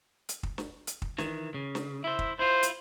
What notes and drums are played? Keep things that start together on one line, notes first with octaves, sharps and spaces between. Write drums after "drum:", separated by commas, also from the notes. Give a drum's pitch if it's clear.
drum: hi-hat
drum: kick
drum: snare
drum: hi-hat
drum: kick
D#3 E3, drum: snare
C#3
drum: snare
E4 C5 E5
drum: kick
E4 F4 C5
drum: hi-hat